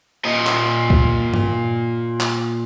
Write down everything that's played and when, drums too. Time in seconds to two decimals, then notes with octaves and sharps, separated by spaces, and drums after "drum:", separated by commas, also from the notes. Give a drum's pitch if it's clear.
0.25 A#2 D#5
0.47 drum: clap
0.90 drum: kick C2
1.34 drum: tom G2
2.20 drum: clap